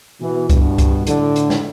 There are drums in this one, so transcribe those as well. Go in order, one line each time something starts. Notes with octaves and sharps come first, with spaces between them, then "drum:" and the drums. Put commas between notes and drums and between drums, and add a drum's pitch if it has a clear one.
B2 E3
G2 B2, drum: kick C2, hi-hat
drum: kick C2, hi-hat
A2 D3, drum: hi-hat
drum: hi-hat
drum: snare